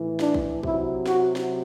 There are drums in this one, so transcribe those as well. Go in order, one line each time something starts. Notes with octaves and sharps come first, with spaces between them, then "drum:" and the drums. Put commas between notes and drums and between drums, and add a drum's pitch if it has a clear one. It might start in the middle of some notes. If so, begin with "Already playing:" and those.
Already playing: A2 E3
D4, drum: snare
drum: kick
C3 F#3 E4, drum: kick
F#4, drum: snare
drum: snare